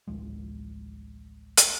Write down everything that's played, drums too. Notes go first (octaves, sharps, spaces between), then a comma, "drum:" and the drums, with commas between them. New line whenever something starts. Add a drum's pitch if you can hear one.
A1 D2 F3 G#3
drum: hi-hat